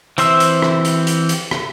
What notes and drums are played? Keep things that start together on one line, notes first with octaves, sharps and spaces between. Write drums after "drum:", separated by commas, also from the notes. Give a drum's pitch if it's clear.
E3 C4 C5 E5 E6, drum: hi-hat
drum: hi-hat
drum: rim click
drum: hi-hat
drum: hi-hat
drum: hi-hat
drum: rim click